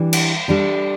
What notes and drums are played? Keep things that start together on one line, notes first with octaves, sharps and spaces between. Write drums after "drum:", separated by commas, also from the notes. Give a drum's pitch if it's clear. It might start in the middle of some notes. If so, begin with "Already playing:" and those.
Already playing: E3 G3 D4
drum: cymbal
G3 D4 A4